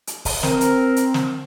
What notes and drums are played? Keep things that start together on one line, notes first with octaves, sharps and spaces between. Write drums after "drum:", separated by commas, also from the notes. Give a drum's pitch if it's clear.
drum: hi-hat
drum: kick, open hi-hat
C4 A#4, drum: snare
drum: hi-hat
drum: hi-hat
drum: snare